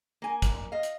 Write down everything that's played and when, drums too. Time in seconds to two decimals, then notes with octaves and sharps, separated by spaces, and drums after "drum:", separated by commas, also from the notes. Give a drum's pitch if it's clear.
0.22 A#3 G#5
0.42 drum: kick, hi-hat
0.72 D#5 F5
0.83 drum: hi-hat